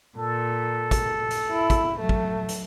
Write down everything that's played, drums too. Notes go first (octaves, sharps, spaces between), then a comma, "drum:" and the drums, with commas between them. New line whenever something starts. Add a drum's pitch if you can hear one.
A#2 A4
drum: kick, hi-hat
drum: hi-hat
E4
drum: kick, hi-hat
F#3 A3
drum: kick
drum: hi-hat